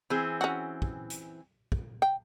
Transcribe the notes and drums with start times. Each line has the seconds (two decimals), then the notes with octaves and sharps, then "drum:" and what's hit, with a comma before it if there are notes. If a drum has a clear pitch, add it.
0.10 E3 C4 G#4
0.41 C#4 F#4
0.82 drum: kick
1.10 drum: hi-hat
1.72 drum: kick
2.02 G5